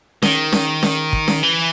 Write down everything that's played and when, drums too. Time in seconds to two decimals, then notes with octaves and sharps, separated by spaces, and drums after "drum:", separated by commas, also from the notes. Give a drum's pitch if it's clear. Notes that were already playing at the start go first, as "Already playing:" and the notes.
0.23 D#3, drum: snare C#4
0.53 drum: snare C#4
0.83 drum: snare C#4
1.13 drum: kick
1.28 drum: snare C#4
1.43 E3